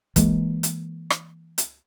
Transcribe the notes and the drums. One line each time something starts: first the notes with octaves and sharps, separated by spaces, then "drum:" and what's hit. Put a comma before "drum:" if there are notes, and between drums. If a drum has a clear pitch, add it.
E3 G#3 A#3, drum: kick, hi-hat
drum: hi-hat
drum: rim click
drum: hi-hat